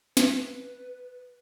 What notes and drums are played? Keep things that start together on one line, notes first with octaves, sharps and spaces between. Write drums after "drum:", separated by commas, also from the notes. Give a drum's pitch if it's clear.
B4, drum: snare